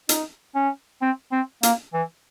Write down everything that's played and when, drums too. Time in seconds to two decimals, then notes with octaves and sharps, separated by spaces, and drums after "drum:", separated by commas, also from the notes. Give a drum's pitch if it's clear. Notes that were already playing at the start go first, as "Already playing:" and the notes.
0.09 D#4, drum: hi-hat
0.55 C#4
1.02 C4
1.32 C4
1.63 A#3, drum: hi-hat
1.93 E3